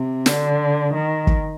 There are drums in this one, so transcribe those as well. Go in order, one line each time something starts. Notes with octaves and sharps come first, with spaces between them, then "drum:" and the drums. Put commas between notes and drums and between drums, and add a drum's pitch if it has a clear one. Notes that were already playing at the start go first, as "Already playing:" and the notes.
Already playing: C3
D3, drum: snare
D#3
drum: kick